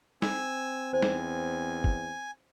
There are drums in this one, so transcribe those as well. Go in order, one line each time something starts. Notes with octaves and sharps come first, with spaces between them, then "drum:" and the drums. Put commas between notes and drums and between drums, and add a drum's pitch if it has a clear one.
C4 G#5 E6, drum: snare
E2 C5 G#5
drum: snare
drum: kick